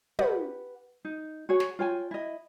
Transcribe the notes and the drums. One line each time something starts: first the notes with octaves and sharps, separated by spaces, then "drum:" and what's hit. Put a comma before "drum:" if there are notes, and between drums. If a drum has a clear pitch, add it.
G4 B4 F#5, drum: tom
D#4
F#4 G#4 C#5
drum: snare
F4 C#5 G5 G#5
E4 D#5